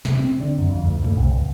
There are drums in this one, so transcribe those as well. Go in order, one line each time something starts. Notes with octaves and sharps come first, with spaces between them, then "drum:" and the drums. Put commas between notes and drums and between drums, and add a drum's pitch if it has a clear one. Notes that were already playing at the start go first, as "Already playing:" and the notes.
C3, drum: snare
C4
D3
F#2
F2
D2
A2, drum: tom
C2
C#2